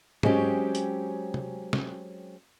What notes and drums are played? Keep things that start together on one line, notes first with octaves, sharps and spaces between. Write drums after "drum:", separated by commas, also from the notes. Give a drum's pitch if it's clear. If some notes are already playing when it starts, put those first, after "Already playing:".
F#3 G#3 C4 C#4 G4, drum: tom
drum: hi-hat
drum: tom C3
drum: snare